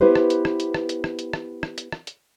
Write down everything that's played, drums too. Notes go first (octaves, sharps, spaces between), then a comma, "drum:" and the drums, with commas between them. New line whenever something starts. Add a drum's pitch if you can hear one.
B3 E4 G4 B4 C5
drum: rim click
drum: hi-hat
drum: rim click
drum: hi-hat
drum: rim click
drum: hi-hat
drum: rim click
drum: hi-hat
drum: rim click
drum: rim click
drum: hi-hat
drum: rim click
drum: hi-hat